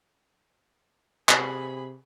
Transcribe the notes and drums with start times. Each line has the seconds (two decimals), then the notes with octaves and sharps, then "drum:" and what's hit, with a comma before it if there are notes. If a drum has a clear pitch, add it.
1.29 C3 G#4 B5, drum: clap